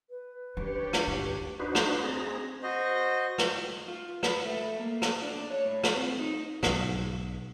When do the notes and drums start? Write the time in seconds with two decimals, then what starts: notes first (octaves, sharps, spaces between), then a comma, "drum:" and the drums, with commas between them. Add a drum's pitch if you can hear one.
0.10 B4
0.57 D#2 C#4 D4 G4 C#5
0.93 drum: rim click
1.07 D#2 G#2
1.60 D4 D#4 F#4 B4 C5
1.75 drum: rim click
2.03 C4 G#4 A#5
2.63 F#4 C5 D#5
3.38 drum: rim click
3.88 F4
4.23 B4, drum: rim click
4.45 A3
4.79 A#3
5.02 drum: rim click
5.23 D4
5.51 C#5
5.65 A2
5.84 drum: rim click
5.96 C4
6.19 D#4
6.63 B1 G#2, drum: rim click